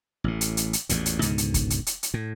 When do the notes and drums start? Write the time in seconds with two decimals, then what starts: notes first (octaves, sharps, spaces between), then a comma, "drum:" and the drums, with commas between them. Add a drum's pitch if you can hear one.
0.24 A1 A2
0.41 drum: hi-hat
0.57 drum: hi-hat
0.73 drum: hi-hat
0.89 A1 E2 A#2, drum: hi-hat
1.06 drum: hi-hat
1.22 C#2 G#2 B2 D3, drum: hi-hat
1.38 drum: hi-hat
1.54 drum: kick, hi-hat
1.70 drum: hi-hat
1.87 drum: hi-hat
2.03 drum: hi-hat
2.14 A2